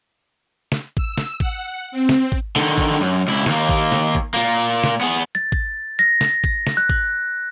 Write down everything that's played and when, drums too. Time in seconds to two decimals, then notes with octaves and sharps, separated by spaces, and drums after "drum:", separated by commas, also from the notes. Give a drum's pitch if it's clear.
0.72 drum: snare
0.97 E6, drum: kick
1.18 drum: snare
1.40 F#5, drum: kick
1.92 C4
2.09 drum: snare
2.32 drum: kick
2.56 D3 D#3, drum: snare
2.78 drum: kick
3.00 F#2
3.28 C#2 E4
3.46 D#2 A#3, drum: snare
3.69 drum: kick
3.92 drum: snare
4.15 drum: kick
4.34 A#2 A#3
4.84 drum: snare
5.01 B3 G#4
5.35 A6
5.52 drum: kick
5.99 A#6
6.21 drum: snare
6.44 drum: kick
6.67 drum: snare
6.77 F#6
6.89 drum: kick